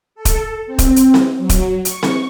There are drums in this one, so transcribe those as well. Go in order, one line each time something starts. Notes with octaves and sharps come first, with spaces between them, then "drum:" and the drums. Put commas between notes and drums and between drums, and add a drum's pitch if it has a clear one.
A4
drum: kick D#1, hi-hat
C4
drum: kick D#1, hi-hat
drum: hi-hat
drum: snare C4
F#3
drum: kick D#1, hi-hat
C#6, drum: hi-hat
drum: snare C4